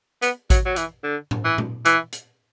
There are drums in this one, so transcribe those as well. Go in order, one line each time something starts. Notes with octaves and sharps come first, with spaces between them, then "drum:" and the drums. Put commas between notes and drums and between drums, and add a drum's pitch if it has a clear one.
B3, drum: hi-hat
F#3, drum: kick A1, hi-hat
F#3
E3, drum: hi-hat
D3
drum: tom A2
E3
drum: tom A#2
E3, drum: hi-hat
drum: hi-hat